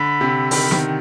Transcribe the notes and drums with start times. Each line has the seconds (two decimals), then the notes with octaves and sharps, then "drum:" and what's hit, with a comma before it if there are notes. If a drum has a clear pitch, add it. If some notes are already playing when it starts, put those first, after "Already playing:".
Already playing: D3 B5
0.21 C3
0.51 D#3 B5, drum: open hi-hat
0.71 D#3, drum: snare